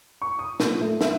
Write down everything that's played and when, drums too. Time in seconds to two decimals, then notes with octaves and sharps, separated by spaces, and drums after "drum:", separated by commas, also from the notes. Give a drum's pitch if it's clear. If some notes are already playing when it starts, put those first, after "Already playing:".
0.22 C#6
0.39 D#6
0.60 A#2, drum: snare
0.81 A3
1.01 E5, drum: snare